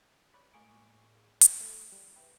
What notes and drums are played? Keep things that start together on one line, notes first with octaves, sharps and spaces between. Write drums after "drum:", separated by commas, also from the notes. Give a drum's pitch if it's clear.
B4 C#5 D5 B5
A2 G#3 A#3 G#4 C#6 D6
drum: hi-hat
A3
G3
G4 B4 E5